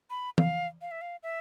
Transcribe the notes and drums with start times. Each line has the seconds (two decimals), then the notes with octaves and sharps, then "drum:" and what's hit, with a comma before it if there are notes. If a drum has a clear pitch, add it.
0.10 B5
0.38 F5, drum: tom E3
0.81 F5
0.91 E5
1.01 F5
1.23 E5